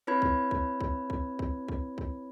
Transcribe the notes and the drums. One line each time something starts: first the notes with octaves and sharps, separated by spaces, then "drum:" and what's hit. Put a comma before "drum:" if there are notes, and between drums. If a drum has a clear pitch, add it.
C4 E4 B4 C#5 B5 G#6
drum: kick C2
drum: kick C2
drum: kick C2
drum: kick C2
drum: kick C2
drum: kick C2
drum: kick C2